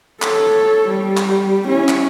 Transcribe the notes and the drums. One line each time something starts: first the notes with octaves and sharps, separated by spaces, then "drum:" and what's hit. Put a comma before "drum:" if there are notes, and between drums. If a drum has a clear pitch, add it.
A4 C#5, drum: clap
G3
drum: clap
C#4 E4
drum: clap